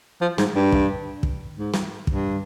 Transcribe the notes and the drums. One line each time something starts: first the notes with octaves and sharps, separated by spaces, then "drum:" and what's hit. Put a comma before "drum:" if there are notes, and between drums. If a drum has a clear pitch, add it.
F3
G#2, drum: snare
G2
drum: kick
drum: kick
G#2
drum: snare
G2, drum: kick